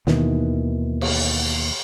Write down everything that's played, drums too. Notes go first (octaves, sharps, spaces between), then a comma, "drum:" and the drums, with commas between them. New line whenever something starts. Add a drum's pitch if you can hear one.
D#2 B2 D#3 E3, drum: snare
drum: cymbal